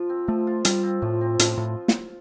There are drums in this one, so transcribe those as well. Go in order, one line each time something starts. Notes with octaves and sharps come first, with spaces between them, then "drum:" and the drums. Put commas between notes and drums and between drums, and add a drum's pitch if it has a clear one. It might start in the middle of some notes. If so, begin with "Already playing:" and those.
Already playing: F3 F4
C4
F3 A3
F4
G3 F4, drum: hi-hat
C4
A2 F3
C4
A2 F3, drum: hi-hat
A2 F4
drum: snare